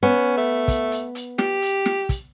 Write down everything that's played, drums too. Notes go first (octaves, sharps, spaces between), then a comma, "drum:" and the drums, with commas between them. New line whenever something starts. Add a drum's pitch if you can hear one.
B3 C#4
A3
drum: kick, hi-hat
drum: hi-hat
drum: hi-hat
G4, drum: snare
drum: hi-hat
drum: snare
drum: kick, hi-hat